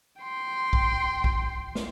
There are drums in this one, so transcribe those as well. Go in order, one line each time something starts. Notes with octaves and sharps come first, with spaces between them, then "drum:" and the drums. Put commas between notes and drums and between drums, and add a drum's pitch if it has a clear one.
G5 C6
drum: kick
drum: kick
drum: snare